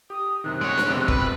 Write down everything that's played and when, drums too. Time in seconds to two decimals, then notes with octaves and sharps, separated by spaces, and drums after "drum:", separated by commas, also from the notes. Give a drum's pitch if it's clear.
0.10 G4 D#6
0.44 F#2 C3 D#3 F#6
0.61 G#3 C#5 D7
0.78 drum: snare
0.88 F2 C3 B3
1.08 B4, drum: kick